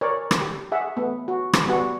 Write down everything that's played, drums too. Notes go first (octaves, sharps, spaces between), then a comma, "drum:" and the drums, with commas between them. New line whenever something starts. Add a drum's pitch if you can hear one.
A#4 C#5 D5
drum: rim click
G4
G#4 E5 F#5
A3 B3
F#4
drum: rim click
G3 B3 F#4 F#5